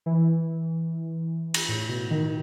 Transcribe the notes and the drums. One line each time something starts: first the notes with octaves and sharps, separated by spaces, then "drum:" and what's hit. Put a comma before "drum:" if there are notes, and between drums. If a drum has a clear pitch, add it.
E3
drum: cymbal
A2
B2
D#3